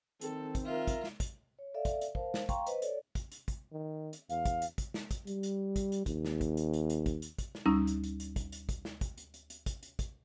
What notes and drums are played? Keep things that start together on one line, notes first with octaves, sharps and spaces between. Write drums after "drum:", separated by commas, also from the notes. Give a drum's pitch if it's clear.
D#3 C4 A4, drum: hi-hat
drum: kick, hi-hat
F4 A#4 E5
drum: kick, hi-hat
drum: snare
drum: kick, hi-hat
C#5
A4 D5 E5 F5
drum: kick, hi-hat
drum: hi-hat
A#4 C5 F5 A5, drum: kick
drum: snare
F5 G5 A#5 C6 C#6, drum: kick, hi-hat
B4 C5 D#5, drum: hi-hat
A4 C#5 D5, drum: hi-hat
drum: kick, hi-hat
drum: hi-hat
drum: kick, hi-hat
D#3
drum: hi-hat
E2 F5, drum: hi-hat
drum: kick, hi-hat
drum: hi-hat
drum: kick, hi-hat
drum: snare
drum: kick, hi-hat
G3, drum: hi-hat
drum: hi-hat
drum: kick, hi-hat
drum: hi-hat
D#2, drum: kick, hi-hat
drum: snare
drum: kick, hi-hat
drum: hi-hat
drum: hi-hat
drum: hi-hat
drum: kick, hi-hat
drum: hi-hat
drum: kick, hi-hat
drum: snare
D2 G3 C#4 D#4 A#5 E6
drum: hi-hat
drum: hi-hat
drum: hi-hat
drum: kick, hi-hat
drum: hi-hat
drum: kick, hi-hat
drum: snare
drum: kick, hi-hat
drum: hi-hat
drum: hi-hat
drum: hi-hat
drum: kick, hi-hat
drum: hi-hat
drum: kick, hi-hat